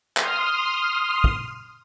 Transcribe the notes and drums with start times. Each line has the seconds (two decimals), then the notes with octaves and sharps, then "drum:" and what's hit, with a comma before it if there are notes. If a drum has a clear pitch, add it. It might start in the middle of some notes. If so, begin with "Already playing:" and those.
0.17 C6 D#6 F6, drum: clap
1.24 drum: kick